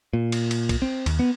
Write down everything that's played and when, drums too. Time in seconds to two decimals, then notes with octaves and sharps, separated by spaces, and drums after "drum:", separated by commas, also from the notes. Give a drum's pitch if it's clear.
0.13 A#2
0.32 drum: cymbal
0.51 drum: cymbal
0.69 drum: kick, cymbal
0.82 C4
1.06 D#2, drum: cymbal
1.19 B3